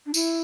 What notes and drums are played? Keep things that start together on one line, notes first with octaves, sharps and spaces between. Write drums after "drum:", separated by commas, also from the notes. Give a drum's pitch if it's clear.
D4
E4, drum: tambourine